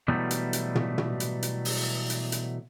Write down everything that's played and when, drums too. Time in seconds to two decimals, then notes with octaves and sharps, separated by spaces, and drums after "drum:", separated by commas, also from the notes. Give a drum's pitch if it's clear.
0.08 B2 E3 F#3 G3 A3 B3
0.31 drum: hi-hat
0.53 drum: hi-hat
0.75 drum: tom
0.98 drum: tom
1.20 drum: hi-hat
1.43 drum: hi-hat
1.65 drum: open hi-hat
2.10 drum: hi-hat
2.32 drum: hi-hat